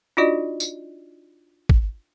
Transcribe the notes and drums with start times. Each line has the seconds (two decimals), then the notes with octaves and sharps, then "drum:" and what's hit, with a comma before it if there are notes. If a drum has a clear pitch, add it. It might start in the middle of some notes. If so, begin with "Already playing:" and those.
0.17 D4 D#4 F4 F#4 D5 D#5
0.60 drum: tambourine
1.69 drum: kick